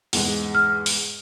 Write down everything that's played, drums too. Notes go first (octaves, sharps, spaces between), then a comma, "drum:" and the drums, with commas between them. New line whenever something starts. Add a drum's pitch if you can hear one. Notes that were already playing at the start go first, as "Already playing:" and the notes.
E2 G#2 G#3, drum: open hi-hat
F6
drum: open hi-hat